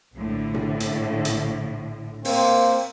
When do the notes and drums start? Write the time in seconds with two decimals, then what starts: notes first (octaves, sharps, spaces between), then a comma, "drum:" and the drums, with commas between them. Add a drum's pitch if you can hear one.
0.15 A#1 A2 D3
0.54 drum: tom A#2
0.80 drum: hi-hat
1.25 drum: hi-hat
2.25 A#3 C4, drum: open hi-hat